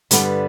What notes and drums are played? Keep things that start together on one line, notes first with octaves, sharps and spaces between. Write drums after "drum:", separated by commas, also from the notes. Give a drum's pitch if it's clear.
G2 D3 G3 B3, drum: hi-hat